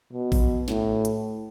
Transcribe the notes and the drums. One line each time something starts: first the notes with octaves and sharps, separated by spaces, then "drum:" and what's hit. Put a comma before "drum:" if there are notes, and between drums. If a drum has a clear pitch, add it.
B2
drum: kick A1, open hi-hat
A2, drum: snare
drum: hi-hat